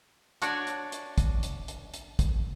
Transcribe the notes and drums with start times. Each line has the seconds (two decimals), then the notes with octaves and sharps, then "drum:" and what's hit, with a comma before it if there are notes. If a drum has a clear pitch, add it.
0.42 D4 F#4 C#5 D5, drum: hi-hat
0.67 drum: hi-hat
0.92 drum: hi-hat
1.18 drum: kick, hi-hat
1.43 drum: hi-hat
1.68 drum: hi-hat
1.94 drum: hi-hat
2.19 drum: kick, hi-hat